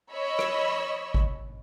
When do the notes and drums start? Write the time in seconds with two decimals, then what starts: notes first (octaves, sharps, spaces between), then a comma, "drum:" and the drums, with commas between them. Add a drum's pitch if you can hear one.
0.12 C#5 D#5 B5 C#6 E6
0.39 drum: rim click
1.14 drum: kick G#1